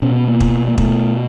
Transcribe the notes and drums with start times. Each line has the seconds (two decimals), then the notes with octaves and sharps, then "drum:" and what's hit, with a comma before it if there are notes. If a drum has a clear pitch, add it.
0.02 B2 C#4
0.15 B3
0.28 A#3
0.40 drum: kick
0.68 A#3
0.78 B2 A3, drum: kick